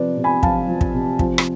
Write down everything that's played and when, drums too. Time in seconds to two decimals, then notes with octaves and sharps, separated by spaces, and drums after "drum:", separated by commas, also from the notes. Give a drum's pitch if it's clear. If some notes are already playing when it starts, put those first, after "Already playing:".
Already playing: C3 F3 B4 D5
0.17 C3
0.24 G#5 B5
0.43 F3 F5 A5, drum: kick
0.68 F3
0.81 drum: kick
0.94 C3
1.19 F3, drum: kick
1.38 drum: rim click